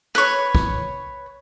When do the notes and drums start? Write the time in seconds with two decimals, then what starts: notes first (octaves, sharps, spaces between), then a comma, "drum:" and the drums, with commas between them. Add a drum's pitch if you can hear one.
0.15 B4 C#5, drum: rim click
0.55 drum: kick